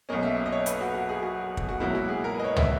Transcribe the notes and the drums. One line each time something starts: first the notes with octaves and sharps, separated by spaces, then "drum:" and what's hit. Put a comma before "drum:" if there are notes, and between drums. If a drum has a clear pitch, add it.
B1 B2 A#3 C#4 D#5
E5
D#5
C#5
B4, drum: hi-hat
F#4
F#4
G#4
F#4
drum: kick
F#4
C#2 B2 F#3 A#3 E4
F#4
G#4
A#4
B4
D#5
C#5
E5, drum: tom